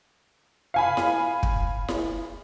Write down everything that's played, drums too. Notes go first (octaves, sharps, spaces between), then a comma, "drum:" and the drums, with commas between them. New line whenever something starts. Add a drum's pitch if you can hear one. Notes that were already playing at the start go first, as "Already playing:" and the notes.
F5 G#5 B5
drum: snare E4
drum: kick
drum: snare E4